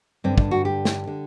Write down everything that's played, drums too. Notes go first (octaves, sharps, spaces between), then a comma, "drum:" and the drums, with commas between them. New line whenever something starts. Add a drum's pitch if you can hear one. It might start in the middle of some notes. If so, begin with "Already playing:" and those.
G2 D3 C4
D4, drum: kick
F#4
G4
drum: snare
D3